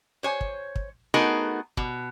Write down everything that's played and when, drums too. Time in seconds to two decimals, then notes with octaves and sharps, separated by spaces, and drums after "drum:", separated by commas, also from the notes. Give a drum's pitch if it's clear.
0.23 C5 C#5 G#5
0.41 drum: kick
0.76 drum: kick
1.14 A3 B3 D#4 F#4 G#4 A#4
1.77 B2, drum: kick